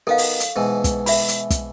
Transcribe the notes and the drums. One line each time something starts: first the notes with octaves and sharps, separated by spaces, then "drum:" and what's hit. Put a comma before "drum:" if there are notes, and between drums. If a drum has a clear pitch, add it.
D#3 B3 A4 F5
drum: open hi-hat
drum: hi-hat
G#2 B2 E3
drum: kick, hi-hat
E5 B5, drum: open hi-hat
drum: hi-hat
drum: kick, hi-hat